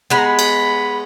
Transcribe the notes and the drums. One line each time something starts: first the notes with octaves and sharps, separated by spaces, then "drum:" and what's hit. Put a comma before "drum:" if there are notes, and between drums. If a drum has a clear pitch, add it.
G#3 B3 B5
A#5
B5
drum: cymbal